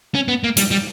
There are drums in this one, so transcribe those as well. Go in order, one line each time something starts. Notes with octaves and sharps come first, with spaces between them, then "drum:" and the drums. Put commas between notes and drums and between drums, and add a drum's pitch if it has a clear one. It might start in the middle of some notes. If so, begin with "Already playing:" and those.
C#4
B3
A#3
G3, drum: hi-hat
G3